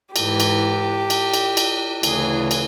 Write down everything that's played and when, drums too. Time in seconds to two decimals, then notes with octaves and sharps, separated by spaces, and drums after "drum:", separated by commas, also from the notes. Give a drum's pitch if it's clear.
0.16 G#2 E3 G4, drum: cymbal
0.40 drum: cymbal
1.10 drum: cymbal
1.34 drum: cymbal
1.57 drum: cymbal
2.03 D2 C#3 E3 G#4, drum: cymbal
2.51 drum: cymbal